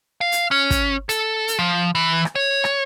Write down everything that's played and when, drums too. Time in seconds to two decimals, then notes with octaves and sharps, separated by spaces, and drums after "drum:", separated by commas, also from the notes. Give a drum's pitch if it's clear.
0.21 F5
0.32 drum: hi-hat
0.51 C#4
0.70 drum: kick, hi-hat
1.09 A4, drum: hi-hat
1.48 drum: hi-hat
1.59 F3
1.95 E3
2.25 drum: rim click
2.35 C#5
2.64 drum: rim click